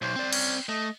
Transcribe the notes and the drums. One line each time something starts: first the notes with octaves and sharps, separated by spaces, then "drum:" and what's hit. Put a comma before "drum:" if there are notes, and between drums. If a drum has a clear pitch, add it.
B1 C5
C4 D5
C#4, drum: cymbal
A3 D#5